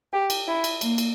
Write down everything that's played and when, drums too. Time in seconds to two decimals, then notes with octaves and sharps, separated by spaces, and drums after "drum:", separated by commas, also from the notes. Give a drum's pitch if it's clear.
0.13 G4
0.30 drum: cymbal
0.47 E4
0.64 drum: cymbal
0.81 A#3, drum: cymbal
0.98 drum: cymbal